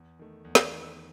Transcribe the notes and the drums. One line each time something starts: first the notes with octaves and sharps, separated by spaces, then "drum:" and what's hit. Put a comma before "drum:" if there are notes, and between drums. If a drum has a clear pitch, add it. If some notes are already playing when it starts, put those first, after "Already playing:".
Already playing: E2
D#3 A3
E2
drum: snare
D#3 A3